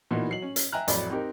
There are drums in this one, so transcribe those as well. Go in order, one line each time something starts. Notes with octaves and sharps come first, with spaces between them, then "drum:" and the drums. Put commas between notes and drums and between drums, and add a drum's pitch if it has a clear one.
A#2 E3 B3 D#4 F#4
F#3 C7 F#7
C#4
drum: hi-hat
E5 G5 G#5 A#5 F#6
A1 F2 F#3 A3 D5 B5, drum: hi-hat
C4 D#4 G4 A#4